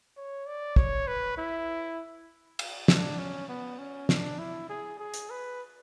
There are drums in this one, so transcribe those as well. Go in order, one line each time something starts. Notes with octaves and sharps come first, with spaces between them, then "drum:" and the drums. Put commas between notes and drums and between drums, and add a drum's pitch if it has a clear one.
C#5
D5
C#5, drum: kick
B4
E4
drum: cymbal
D4, drum: snare
C#4
B3
C#4
D4, drum: snare
E4
G#4
G#4
drum: hi-hat
B4